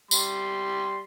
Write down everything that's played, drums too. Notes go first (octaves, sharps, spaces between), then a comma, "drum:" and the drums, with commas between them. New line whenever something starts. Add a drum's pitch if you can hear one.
G3 C6, drum: tambourine